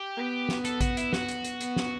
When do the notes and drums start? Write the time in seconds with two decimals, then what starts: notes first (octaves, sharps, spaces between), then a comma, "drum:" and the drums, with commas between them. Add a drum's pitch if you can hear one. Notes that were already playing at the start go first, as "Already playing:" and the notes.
Already playing: G4
0.17 B3
0.49 drum: snare
0.65 A4, drum: hi-hat
0.81 F#4, drum: kick A1, hi-hat
0.97 E4, drum: hi-hat
1.13 F#4, drum: snare
1.28 drum: hi-hat
1.44 drum: hi-hat
1.61 B3, drum: hi-hat
1.76 drum: snare